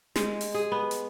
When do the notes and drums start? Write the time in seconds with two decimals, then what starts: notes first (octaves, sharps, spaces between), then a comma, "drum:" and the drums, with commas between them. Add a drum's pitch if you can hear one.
0.16 G#3, drum: snare
0.41 drum: open hi-hat
0.54 G#4
0.72 B3
0.91 drum: hi-hat